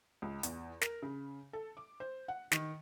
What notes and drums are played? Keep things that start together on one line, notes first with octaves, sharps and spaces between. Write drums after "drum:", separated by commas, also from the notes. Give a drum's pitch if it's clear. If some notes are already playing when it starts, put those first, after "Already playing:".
C#2
E2, drum: hi-hat
A#4, drum: snare
C#3
A4
D6
C5
F#5
D#3, drum: snare